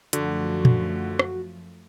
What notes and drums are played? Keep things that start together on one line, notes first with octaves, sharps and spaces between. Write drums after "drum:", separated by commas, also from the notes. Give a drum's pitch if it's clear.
F#2 D3 F3 A3 F#4, drum: hi-hat
drum: tom A#2
drum: rim click